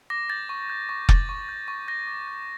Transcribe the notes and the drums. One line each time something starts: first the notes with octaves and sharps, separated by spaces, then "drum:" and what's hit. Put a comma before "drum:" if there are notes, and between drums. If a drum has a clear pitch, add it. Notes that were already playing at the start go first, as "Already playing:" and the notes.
D6 A#6
G6 A6
C#6
G6
C#6
G6 A6, drum: kick F1
C#6
G6
C#6
G6 A#6
D6
G6